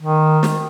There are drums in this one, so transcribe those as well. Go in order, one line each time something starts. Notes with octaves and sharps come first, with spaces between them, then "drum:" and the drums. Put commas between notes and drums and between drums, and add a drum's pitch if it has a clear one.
D#3
drum: snare